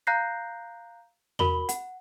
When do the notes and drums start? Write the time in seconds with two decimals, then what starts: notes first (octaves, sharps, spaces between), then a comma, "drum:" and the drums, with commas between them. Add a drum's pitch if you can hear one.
0.07 F5 A#5 F#6 G6 A#6 C7
1.39 F#4 A#4 B5 F#7 G7, drum: tom E2
1.69 F#5, drum: hi-hat